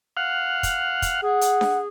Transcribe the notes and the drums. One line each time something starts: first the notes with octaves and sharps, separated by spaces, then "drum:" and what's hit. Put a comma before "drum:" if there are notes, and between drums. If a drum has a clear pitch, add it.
F5 F#5
drum: kick, hi-hat
drum: kick, hi-hat
G#4 F#5
drum: hi-hat
drum: snare D4